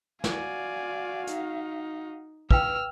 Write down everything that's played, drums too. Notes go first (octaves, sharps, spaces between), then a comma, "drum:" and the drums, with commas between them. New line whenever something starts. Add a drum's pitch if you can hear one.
F#4 D5 F5 G#5, drum: snare
D#4, drum: hi-hat
B4 F5 G5 E6 F6, drum: kick